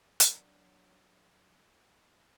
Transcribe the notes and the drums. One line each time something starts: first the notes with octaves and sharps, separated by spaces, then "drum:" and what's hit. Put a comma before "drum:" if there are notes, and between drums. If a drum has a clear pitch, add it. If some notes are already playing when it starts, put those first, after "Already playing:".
F#3 D4 A#4, drum: hi-hat